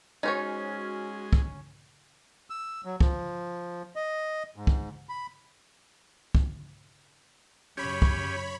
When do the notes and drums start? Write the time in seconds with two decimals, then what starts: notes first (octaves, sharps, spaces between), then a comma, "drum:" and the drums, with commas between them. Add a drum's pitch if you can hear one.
0.23 G#3 C#4 D#4 F#4 C5 C#5
1.33 drum: kick
2.50 E6
2.85 F#3
3.01 F3, drum: kick
3.96 D#5
4.56 G#2
4.67 drum: kick
5.09 B5
6.35 drum: kick
7.77 F#2 C#3 C#4 G4 C#5 B5
8.02 drum: kick